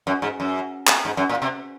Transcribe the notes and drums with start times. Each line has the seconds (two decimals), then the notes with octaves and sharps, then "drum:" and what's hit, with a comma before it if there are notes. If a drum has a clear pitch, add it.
0.07 F#2
0.22 G#2
0.40 F#2
0.87 drum: clap
1.05 G#2
1.17 F#2
1.29 A#2
1.42 C3